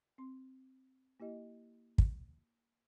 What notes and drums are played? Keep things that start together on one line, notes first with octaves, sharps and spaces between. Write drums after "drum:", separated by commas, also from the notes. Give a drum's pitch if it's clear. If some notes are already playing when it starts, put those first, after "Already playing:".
C4 C6
A#3 E4 G4 D#5
drum: kick